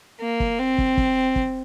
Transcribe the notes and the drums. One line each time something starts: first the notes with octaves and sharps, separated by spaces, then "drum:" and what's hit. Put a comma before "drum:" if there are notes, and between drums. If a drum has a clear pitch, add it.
A#3
drum: kick
C4
drum: kick
drum: kick
drum: kick